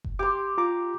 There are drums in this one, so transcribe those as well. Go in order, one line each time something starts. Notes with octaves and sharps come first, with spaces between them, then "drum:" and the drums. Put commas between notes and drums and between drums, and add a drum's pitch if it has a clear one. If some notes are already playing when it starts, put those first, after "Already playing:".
drum: kick F#1
G4 C6 D6
F4 A#5 D6